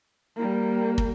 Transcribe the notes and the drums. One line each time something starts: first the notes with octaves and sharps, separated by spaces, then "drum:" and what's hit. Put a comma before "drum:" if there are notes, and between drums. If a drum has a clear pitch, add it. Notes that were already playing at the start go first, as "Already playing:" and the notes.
G3 A#3
drum: kick